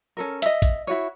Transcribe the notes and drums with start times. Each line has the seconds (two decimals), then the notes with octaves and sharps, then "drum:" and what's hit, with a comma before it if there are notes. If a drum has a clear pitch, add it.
0.17 C#4 A4 A#4
0.42 D#5 E5, drum: hi-hat
0.62 drum: kick A1, hi-hat
0.87 E4 F#4 C#5